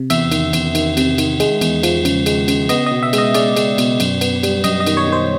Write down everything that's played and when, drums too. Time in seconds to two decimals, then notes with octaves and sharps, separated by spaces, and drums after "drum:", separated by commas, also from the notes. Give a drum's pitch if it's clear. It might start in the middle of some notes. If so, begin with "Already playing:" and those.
Already playing: C3
0.10 E2 E5, drum: cymbal
0.32 D#3, drum: cymbal
0.53 E2, drum: cymbal
0.75 D#3, drum: cymbal
0.97 C3, drum: cymbal
1.18 D#3, drum: cymbal
1.40 G#3, drum: cymbal
1.61 E2, drum: cymbal
1.83 F3, drum: cymbal
2.05 C#3, drum: cymbal
2.26 G#3, drum: cymbal
2.48 C#3, drum: cymbal
2.69 B3 D#5, drum: cymbal
2.86 B2 D#5
3.03 E5
3.13 G#3, drum: cymbal
3.18 D#5
3.34 G#3 D5, drum: cymbal
3.56 G#3, drum: cymbal
3.78 B2, drum: cymbal
4.00 F#2, drum: cymbal
4.21 B3, drum: cymbal
4.43 G3, drum: cymbal
4.64 F#2 D#5, drum: cymbal
4.80 D#5
4.87 D#3, drum: cymbal
4.97 C#5
5.08 D#3 C5